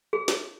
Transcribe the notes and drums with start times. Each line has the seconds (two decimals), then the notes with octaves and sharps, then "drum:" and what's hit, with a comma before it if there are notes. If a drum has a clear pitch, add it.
0.13 G#4
0.28 drum: snare